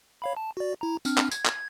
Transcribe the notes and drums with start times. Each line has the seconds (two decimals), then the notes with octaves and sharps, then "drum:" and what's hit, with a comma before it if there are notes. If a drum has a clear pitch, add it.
0.22 C#5 F5 B5
0.37 A5
0.57 F#4 D5
0.81 E4 A#5
1.05 C4 D4 F6, drum: tambourine
1.18 drum: clap
1.31 G#6, drum: tambourine
1.45 drum: clap